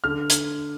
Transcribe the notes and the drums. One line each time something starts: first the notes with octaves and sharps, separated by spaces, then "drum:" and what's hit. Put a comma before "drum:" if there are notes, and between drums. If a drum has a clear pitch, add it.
D3 F6
drum: hi-hat